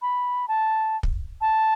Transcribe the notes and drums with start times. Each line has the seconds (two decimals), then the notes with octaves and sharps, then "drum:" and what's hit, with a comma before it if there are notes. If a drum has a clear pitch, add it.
0.02 B5
0.48 A5
1.03 drum: kick
1.41 A5